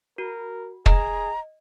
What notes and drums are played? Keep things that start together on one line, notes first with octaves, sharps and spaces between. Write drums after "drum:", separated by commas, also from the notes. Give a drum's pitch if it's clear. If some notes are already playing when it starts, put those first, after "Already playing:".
F#4 A#4
G#4 D#5 A#5, drum: kick